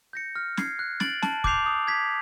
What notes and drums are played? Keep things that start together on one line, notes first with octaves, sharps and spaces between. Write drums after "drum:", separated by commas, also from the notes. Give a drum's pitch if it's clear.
G6 A#6 C#7
F6
G#6 C7, drum: snare
F#6
A6 D7 F#7, drum: snare
A5, drum: snare
D6 G6 C7 F7, drum: kick
D#6
G#6 B6